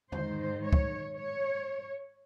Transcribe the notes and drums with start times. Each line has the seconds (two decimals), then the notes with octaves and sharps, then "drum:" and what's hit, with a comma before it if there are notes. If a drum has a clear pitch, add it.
0.12 G#2 D#3 C5, drum: tom E2
0.63 C#5
0.73 drum: kick
1.14 C#5